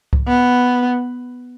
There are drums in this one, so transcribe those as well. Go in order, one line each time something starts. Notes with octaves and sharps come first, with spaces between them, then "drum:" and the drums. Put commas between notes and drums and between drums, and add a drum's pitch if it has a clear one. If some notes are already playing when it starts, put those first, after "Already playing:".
drum: kick C2
B3